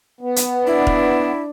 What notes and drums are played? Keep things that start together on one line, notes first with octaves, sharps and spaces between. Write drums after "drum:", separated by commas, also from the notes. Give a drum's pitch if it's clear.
B3
drum: hi-hat
D4 E4
drum: kick